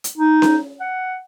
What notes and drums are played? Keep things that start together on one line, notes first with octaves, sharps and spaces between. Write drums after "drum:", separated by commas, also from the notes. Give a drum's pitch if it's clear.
drum: hi-hat
D#4
drum: snare C#4
F#5